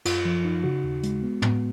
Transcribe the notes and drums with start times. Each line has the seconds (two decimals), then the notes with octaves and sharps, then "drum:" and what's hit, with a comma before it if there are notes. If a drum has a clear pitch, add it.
0.05 F#2 F4, drum: cymbal
0.25 F3
0.45 D#4
0.64 C#3 F#4
0.84 D#2
1.03 G#3, drum: hi-hat
1.23 B3
1.42 B3, drum: tom